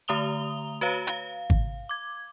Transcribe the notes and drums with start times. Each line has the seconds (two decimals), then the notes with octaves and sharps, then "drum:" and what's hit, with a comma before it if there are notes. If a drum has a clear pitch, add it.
0.08 D3 A3 A#5 D#6 F7 G7
0.81 F#4 B4 C#5 F5 A#5
1.07 F5, drum: hi-hat
1.50 drum: kick G#1
1.89 D6 G#6